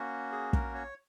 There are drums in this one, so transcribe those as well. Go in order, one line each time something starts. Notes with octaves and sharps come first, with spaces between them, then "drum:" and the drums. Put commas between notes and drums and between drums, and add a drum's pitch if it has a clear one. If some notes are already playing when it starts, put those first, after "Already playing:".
Already playing: A#3 C#4 F#4
G#4
A#4, drum: kick
C#5